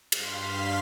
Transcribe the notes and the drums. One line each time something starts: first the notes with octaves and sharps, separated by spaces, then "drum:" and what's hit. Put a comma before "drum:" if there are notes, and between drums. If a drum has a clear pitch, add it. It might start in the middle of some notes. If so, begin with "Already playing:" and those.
G2 F5 C6 F6 B6, drum: cymbal